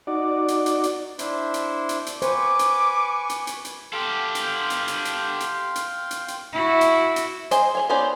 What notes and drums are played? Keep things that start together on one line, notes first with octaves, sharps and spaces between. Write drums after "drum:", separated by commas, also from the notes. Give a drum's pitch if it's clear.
D#4 F#4 D5
drum: hi-hat
drum: hi-hat
drum: hi-hat
D4 E4 C5, drum: hi-hat
drum: hi-hat
drum: hi-hat
drum: hi-hat
B4 C5 G#5 C#6 D6, drum: hi-hat
drum: hi-hat
drum: hi-hat
drum: hi-hat
drum: hi-hat
G4 A4 F5 G5 C6
drum: hi-hat
drum: hi-hat
drum: hi-hat
drum: hi-hat
drum: hi-hat
drum: hi-hat
drum: hi-hat
drum: hi-hat
E4 F#4
drum: hi-hat
drum: hi-hat
G#4 C5 D#5, drum: hi-hat
G#4 C#5 G#5
B3 C#4 D#4 C5 D5